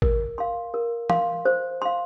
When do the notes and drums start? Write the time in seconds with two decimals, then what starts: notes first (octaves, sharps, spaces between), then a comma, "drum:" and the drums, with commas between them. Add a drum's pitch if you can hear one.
0.02 A#4, drum: kick
0.38 F5 C6
0.74 A#4
1.10 F5 C6, drum: tom E3
1.45 C5
1.82 F5 C6